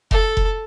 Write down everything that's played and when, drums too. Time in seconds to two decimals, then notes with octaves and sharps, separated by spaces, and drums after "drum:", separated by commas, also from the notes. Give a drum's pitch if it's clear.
0.11 A4, drum: kick F1
0.37 drum: kick F1